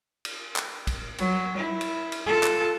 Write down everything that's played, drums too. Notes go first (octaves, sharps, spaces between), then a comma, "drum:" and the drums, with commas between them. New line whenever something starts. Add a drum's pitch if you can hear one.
drum: cymbal
drum: clap
drum: kick, cymbal
F#3, drum: cymbal
E4
drum: cymbal
drum: cymbal
F4 A4
drum: clap